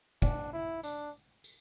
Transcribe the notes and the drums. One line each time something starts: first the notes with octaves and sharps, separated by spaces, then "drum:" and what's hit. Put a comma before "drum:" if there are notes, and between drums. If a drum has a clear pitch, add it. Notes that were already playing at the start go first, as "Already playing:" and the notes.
D4, drum: kick, tambourine
E4
D4, drum: tambourine
drum: tambourine